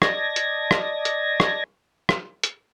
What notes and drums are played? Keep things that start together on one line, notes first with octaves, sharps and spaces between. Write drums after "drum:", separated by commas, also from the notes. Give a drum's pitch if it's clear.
D5 D#5 A5 G#6 A#6, drum: rim click
drum: hi-hat
drum: rim click
drum: hi-hat
drum: rim click
drum: rim click
drum: hi-hat